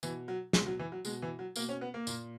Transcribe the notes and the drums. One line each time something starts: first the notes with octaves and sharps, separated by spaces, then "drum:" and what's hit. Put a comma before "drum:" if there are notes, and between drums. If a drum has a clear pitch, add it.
B2 E3, drum: tambourine
F#3
B2 G#3, drum: snare
F#3
E3
F#3
B2 G#3, drum: tambourine
E3
F#3
B2 A#3, drum: tambourine
C#4
B3
A#3
A#2, drum: tambourine